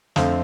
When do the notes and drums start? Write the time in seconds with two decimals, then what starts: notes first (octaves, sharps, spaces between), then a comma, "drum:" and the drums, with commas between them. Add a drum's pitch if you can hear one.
0.16 F2 D3 A3 C4 F5, drum: snare